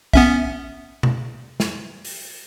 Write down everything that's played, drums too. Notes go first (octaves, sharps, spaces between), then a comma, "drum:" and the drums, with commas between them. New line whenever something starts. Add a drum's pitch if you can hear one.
B3 C#4 E5, drum: kick
drum: tom B2
drum: snare
drum: open hi-hat